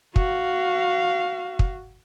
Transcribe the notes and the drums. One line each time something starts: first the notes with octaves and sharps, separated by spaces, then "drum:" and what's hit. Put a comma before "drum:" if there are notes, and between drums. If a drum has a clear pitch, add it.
F#4 F5, drum: kick
drum: kick